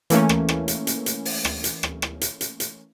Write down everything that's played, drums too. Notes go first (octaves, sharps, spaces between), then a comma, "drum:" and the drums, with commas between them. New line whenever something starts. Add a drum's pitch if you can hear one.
E3 A3 A#3 C#4, drum: hi-hat
drum: rim click
drum: rim click
drum: hi-hat
drum: hi-hat
drum: hi-hat
drum: open hi-hat
drum: rim click
drum: hi-hat
drum: rim click
drum: rim click
drum: hi-hat
drum: hi-hat
drum: hi-hat